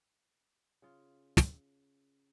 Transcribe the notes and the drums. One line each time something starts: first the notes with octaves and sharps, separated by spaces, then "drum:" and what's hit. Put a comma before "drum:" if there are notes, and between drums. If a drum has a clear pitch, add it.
C#3 F4
drum: snare